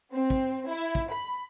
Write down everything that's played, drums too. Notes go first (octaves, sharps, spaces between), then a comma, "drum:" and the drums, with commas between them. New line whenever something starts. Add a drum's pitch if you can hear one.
C4
drum: kick
E4
drum: kick
B5